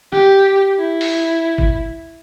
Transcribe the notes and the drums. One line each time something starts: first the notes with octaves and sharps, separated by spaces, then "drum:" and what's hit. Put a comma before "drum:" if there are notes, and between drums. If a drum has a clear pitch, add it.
G4, drum: rim click
E4
drum: open hi-hat
drum: kick G1